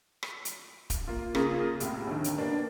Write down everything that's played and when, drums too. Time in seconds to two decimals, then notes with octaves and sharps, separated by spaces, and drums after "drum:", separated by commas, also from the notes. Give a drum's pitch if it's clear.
0.23 drum: rim click
0.45 drum: hi-hat
0.90 drum: kick E1, hi-hat
1.07 A#3 F4
1.35 C#3 A#3 F4 G#4, drum: rim click
1.80 C2 A2, drum: hi-hat
2.07 D#2 D3 D#3
2.24 drum: hi-hat
2.38 A#3 B3 D4